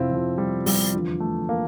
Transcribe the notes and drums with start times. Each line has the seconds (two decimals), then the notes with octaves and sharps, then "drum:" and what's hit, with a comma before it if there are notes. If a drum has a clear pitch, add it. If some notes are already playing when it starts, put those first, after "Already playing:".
Already playing: F2 C3 F3 C4 E4 F4
0.10 F2 C3 F3
0.38 G3
0.66 G3, drum: open hi-hat
0.93 E2 D3 F3
1.20 A3
1.49 A#3